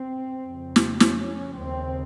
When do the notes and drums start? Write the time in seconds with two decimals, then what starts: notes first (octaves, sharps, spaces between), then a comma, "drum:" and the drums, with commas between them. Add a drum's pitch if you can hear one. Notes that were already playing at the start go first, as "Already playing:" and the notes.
Already playing: C4
0.43 F2 C#3
0.76 drum: snare
1.00 C#4, drum: snare
1.57 D#2 C#3 C4